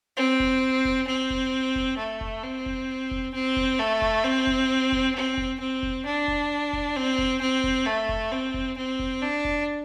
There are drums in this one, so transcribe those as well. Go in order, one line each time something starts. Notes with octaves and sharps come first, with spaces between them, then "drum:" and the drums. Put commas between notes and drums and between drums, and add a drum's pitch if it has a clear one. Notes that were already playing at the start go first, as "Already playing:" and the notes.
C4
drum: kick F1
drum: kick F1
C4
drum: kick F1
drum: kick F1
A3
drum: kick F1
C4
drum: kick F1
drum: kick F1
C4
drum: kick F1
A3
drum: kick F1
C4
drum: kick F1
drum: kick F1
C4
drum: kick F1
C4
drum: kick F1
D4
drum: kick F1
drum: kick F1
C4
drum: kick F1
C4
drum: kick F1
A3
drum: kick F1
C4
drum: kick F1
C4
drum: kick F1
D4
drum: kick F1